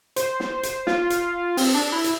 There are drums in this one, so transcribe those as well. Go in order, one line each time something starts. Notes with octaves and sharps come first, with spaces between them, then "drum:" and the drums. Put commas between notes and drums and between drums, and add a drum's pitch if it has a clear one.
C5, drum: hi-hat
drum: snare
drum: hi-hat
F4, drum: snare
drum: hi-hat
C4, drum: open hi-hat
D4
E4
drum: hi-hat